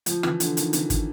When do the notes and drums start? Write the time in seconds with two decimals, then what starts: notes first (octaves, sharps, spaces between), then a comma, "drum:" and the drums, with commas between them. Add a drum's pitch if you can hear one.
0.06 F3, drum: hi-hat
0.23 E3, drum: rim click
0.40 D3, drum: hi-hat
0.57 D#3, drum: hi-hat
0.73 E3, drum: hi-hat
0.90 drum: kick, hi-hat